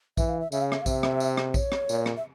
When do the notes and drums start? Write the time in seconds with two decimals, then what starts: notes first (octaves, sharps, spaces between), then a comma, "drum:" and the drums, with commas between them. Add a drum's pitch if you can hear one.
0.17 E3 E5, drum: kick A#1, tambourine
0.29 F5
0.40 E5
0.52 C#3 E5, drum: tambourine
0.62 F5
0.72 E5, drum: rim click
0.82 F5
0.86 C3 E5, drum: kick A#1, tambourine
1.03 drum: rim click
1.20 drum: tambourine
1.37 drum: rim click
1.54 C#5, drum: kick A#1, tambourine
1.72 drum: rim click
1.89 A#2, drum: tambourine
2.06 drum: rim click
2.17 E5